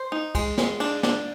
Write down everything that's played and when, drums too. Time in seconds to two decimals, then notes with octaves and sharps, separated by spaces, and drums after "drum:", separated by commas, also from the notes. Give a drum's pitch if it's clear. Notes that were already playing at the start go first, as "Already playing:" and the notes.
Already playing: C5
0.12 D#4
0.35 G#3, drum: kick, cymbal
0.58 G#3, drum: snare
0.80 D4, drum: cymbal
1.03 D4, drum: snare